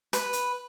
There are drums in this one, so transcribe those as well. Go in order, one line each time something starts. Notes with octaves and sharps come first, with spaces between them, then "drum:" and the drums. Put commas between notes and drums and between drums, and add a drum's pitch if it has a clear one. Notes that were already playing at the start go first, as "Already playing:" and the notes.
B4, drum: hi-hat
drum: hi-hat